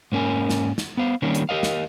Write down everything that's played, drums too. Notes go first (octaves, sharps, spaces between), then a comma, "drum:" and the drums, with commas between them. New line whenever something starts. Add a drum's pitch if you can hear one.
G#2 A#3 C#4 A#4 G#5
drum: snare
drum: snare
B3 C5 F5
D#3 G3 A#3 C#4 D4
drum: hi-hat
G4 A#4 D#5 F5
drum: snare